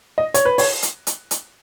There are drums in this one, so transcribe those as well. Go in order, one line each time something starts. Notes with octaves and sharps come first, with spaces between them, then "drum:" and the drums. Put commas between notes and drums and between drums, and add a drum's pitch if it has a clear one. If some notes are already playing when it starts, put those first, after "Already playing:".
D#5
C#5, drum: hi-hat
B4
C#5, drum: open hi-hat
drum: hi-hat
drum: hi-hat
drum: hi-hat